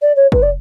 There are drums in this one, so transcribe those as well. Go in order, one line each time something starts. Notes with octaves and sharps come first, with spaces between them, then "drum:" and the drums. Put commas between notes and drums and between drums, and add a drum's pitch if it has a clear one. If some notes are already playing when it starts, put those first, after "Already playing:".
D5
C#5
B4, drum: kick
D5